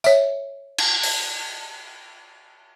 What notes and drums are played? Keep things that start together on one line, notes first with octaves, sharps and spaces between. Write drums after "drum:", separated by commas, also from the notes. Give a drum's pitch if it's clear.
C#5 E5, drum: tambourine
drum: cymbal
drum: open hi-hat